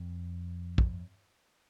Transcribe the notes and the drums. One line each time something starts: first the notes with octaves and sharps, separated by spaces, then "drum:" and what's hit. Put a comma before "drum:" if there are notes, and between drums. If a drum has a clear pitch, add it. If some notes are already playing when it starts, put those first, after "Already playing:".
Already playing: F2
drum: kick